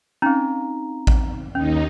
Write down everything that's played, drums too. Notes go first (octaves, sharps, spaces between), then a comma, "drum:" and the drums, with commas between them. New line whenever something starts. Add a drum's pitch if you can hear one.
C4 C#4 D#4 A#5
drum: kick A1
D#2 C#4 D#4